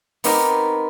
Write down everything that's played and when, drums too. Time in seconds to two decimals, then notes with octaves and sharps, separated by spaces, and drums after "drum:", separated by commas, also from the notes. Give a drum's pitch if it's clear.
0.24 B3 C4 D#4 G4 A#4 C5, drum: open hi-hat